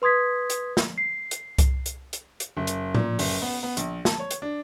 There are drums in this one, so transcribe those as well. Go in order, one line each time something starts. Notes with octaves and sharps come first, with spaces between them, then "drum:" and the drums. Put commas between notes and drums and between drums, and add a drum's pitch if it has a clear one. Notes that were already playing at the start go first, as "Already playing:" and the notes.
B4 C6 D#6 G#6 B6
drum: hi-hat
drum: snare
C7
drum: hi-hat
drum: kick C2, hi-hat
drum: hi-hat
drum: hi-hat
drum: hi-hat
F#1
drum: hi-hat
A#2, drum: tom A2
F#1, drum: open hi-hat
B3
B3
A#1, drum: hi-hat
A5, drum: snare
C#5
drum: hi-hat
D4